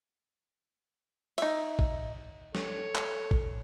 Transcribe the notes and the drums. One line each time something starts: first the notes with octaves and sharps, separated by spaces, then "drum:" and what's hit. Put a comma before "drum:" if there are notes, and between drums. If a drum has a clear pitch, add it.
D#4 E5, drum: cymbal
drum: kick
A4 C#5, drum: snare
drum: clap
drum: kick